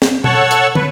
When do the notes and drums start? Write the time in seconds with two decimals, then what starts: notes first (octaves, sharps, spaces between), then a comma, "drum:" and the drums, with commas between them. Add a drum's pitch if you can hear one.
0.02 drum: snare
0.24 A4 C#5 F#5 A5 C#6 E6, drum: tom B2
0.51 drum: hi-hat
0.75 B4, drum: tom